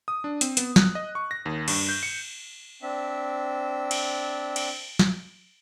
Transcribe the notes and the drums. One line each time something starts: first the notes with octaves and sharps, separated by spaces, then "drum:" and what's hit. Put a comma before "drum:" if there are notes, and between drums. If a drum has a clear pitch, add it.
D#6
D4
C4, drum: hi-hat
B3, drum: hi-hat
F#6, drum: snare
D#5
C#6
A#6
D#2
G2, drum: cymbal
G6
C#7
C4 D4 E5
drum: cymbal
drum: cymbal
drum: snare